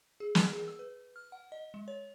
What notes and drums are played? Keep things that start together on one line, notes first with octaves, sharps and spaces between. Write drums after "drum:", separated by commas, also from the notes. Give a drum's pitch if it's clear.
G#4
F6, drum: snare
G#4
E6
B4
F6
F#5
D#5
G#3
C#5